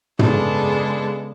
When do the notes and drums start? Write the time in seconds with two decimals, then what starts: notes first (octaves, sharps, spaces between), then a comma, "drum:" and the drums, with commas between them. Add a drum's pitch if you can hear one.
0.19 C#3 G#3 B3 D4 A4, drum: tom